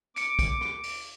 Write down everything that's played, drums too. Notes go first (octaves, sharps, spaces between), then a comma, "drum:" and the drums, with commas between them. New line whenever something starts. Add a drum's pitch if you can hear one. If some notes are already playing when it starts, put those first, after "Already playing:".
D6 C#7 D7, drum: hi-hat
drum: kick, hi-hat
drum: rim click
drum: open hi-hat